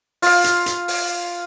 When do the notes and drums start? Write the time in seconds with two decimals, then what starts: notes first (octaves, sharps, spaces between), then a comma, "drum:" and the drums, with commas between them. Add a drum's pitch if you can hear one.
0.22 F4 F5, drum: open hi-hat
0.44 drum: hi-hat
0.66 drum: hi-hat
0.88 drum: open hi-hat